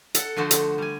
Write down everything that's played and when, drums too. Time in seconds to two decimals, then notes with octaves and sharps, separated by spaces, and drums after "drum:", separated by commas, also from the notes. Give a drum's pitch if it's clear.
0.14 A4 F#5, drum: hi-hat
0.37 D3 F3 A3 F#4 C5
0.51 drum: hi-hat
0.78 G3 G#5